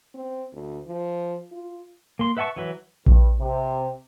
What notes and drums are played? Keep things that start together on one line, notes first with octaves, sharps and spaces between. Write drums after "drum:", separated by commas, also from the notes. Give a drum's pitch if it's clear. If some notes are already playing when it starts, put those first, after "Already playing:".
C4
D2
F3
F4
A#3 C6
B4 E5 F#5 A5 C#6
E3 F#3 B4
G2, drum: kick A#1
C3